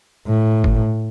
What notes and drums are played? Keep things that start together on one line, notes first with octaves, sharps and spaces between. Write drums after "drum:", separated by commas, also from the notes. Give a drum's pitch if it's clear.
A2
drum: kick G1